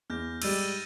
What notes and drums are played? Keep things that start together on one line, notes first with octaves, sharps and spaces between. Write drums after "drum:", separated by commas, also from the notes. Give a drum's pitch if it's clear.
E2 F6 G6 A#6
G#2 G3 E6 A6 D#7, drum: cymbal